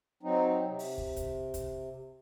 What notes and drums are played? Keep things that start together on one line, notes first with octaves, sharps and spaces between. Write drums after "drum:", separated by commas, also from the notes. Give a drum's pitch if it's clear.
F#3 C4 D#4
C3
drum: open hi-hat
drum: kick
drum: kick, hi-hat
drum: kick, hi-hat